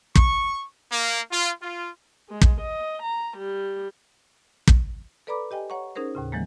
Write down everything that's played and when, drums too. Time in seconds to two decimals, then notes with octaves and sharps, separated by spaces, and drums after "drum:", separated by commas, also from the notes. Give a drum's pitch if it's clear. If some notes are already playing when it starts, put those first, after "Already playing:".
0.15 C#6, drum: kick
0.92 A#3
1.31 F4
1.62 F4
2.29 G#3
2.41 drum: kick
2.61 D#5
3.03 A#5
3.37 G3
4.68 drum: kick
5.27 A4 B4 D5 A#5 B5 D6
5.51 G4 D#5 G5 G#5
5.70 C#5 F#5 A#5 C#6
5.95 C#4 D#4 G#4 A#4 C5
6.15 D#2 A2 C#3
6.32 D#3 E3 F#3 G#3 A#3